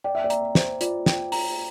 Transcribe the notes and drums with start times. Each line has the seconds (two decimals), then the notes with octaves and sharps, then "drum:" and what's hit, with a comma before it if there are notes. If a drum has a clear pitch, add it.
0.04 D5 G5
0.15 E5
0.24 D5
0.30 A#5, drum: hi-hat
0.55 C5, drum: snare
0.81 F4 D5, drum: hi-hat
1.06 G5, drum: snare
1.32 A#5, drum: open hi-hat